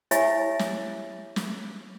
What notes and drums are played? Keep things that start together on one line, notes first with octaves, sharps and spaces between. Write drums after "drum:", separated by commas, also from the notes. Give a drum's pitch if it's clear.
E4 G4 C#5 E5 G#5 B5, drum: hi-hat
drum: snare
drum: snare